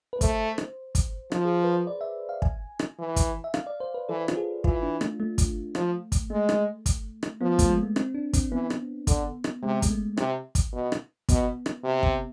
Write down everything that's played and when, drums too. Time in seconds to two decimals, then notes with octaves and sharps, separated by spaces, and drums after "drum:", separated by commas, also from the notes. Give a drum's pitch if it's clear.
0.13 B4
0.21 A3 C5, drum: kick, hi-hat
0.58 drum: rim click
0.95 drum: kick, hi-hat
1.32 F3, drum: rim click
1.45 G#4
1.64 B4
1.73 C5
1.87 D5
2.01 E5
2.29 F5
2.42 G#5, drum: kick
2.79 drum: rim click
2.99 E3
3.16 drum: kick, hi-hat
3.44 E5
3.54 F5, drum: rim click
3.67 D5
3.80 C5
3.94 B4
4.09 E3 A4
4.28 F4, drum: rim click
4.37 G#4
4.64 E3 F4, drum: kick
4.82 D4
5.01 A3, drum: rim click
5.20 A3
5.38 drum: kick, hi-hat
5.75 F3, drum: rim click
6.12 drum: kick, hi-hat
6.30 G#3 A3
6.49 drum: rim click
6.86 drum: kick, hi-hat
7.23 drum: rim click
7.41 F3 B3
7.59 A3, drum: kick, hi-hat
7.68 G#3
7.83 A3
7.96 C4, drum: rim click
8.15 D4
8.33 C4, drum: kick, hi-hat
8.52 E3 B3
8.70 drum: rim click
9.07 D3, drum: kick, hi-hat
9.44 drum: rim click
9.62 C3 G#3
9.82 G#3, drum: kick, hi-hat
9.91 A3
10.17 C3, drum: rim click
10.55 drum: kick, hi-hat
10.73 B2
10.92 drum: rim click
11.29 B2 B3, drum: kick, hi-hat
11.66 drum: rim click
11.84 C3
12.03 drum: kick